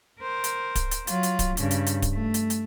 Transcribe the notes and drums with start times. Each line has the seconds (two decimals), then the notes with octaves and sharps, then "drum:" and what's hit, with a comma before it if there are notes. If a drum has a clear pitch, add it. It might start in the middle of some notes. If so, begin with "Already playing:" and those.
0.20 A#4 C5
0.44 drum: hi-hat
0.75 drum: kick D1, hi-hat
0.91 drum: hi-hat
1.07 F#3 F4, drum: hi-hat
1.23 drum: hi-hat
1.39 drum: kick D1, hi-hat
1.57 G2 C#3, drum: hi-hat
1.71 drum: hi-hat
1.86 drum: hi-hat
2.02 drum: kick D1, hi-hat
2.14 A3
2.34 drum: hi-hat
2.50 drum: hi-hat